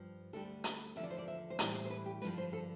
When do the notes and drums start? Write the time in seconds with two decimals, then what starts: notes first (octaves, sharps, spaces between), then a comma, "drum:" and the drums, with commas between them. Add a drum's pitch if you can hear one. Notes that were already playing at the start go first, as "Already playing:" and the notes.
Already playing: G2 F3
0.33 D2 D3 G3 A4
0.64 B4, drum: hi-hat
0.96 E2 D3 F3 E5
1.03 D5
1.11 C5
1.18 D5
1.28 E5
1.50 C5
1.59 A2 E3 G3 D5, drum: hi-hat
1.75 C5
1.85 C5
1.90 B4
2.06 G4
2.22 G2 D3 F3 B4
2.38 C5
2.53 A4